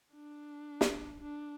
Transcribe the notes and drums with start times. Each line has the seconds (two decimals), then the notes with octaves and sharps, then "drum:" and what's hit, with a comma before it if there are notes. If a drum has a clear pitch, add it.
0.15 D4
0.81 drum: snare
1.21 D4